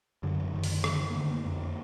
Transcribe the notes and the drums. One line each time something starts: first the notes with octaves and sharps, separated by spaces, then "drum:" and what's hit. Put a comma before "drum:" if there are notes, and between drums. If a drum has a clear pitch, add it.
F#2 D3
F#2 D#3
drum: open hi-hat
D3 D#3, drum: rim click
D#3
A#3
D3 A3
A#3
F2 A#3